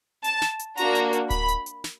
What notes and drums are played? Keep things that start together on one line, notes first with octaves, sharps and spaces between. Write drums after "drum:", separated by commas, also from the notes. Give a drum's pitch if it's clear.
A5, drum: hi-hat
drum: snare
drum: hi-hat
A#3 D4 F#4 A#5, drum: hi-hat
drum: hi-hat
drum: hi-hat
B5, drum: kick D1, hi-hat
drum: hi-hat
drum: hi-hat
drum: snare